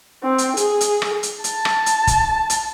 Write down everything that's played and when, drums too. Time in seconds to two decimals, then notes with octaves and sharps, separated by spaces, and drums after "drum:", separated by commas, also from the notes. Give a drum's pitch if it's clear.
0.23 C4
0.38 drum: hi-hat
0.57 G#4, drum: hi-hat
0.81 drum: hi-hat
1.02 drum: rim click
1.23 drum: hi-hat
1.44 A5, drum: hi-hat
1.65 drum: rim click
1.86 drum: hi-hat
2.07 drum: kick, hi-hat
2.50 drum: hi-hat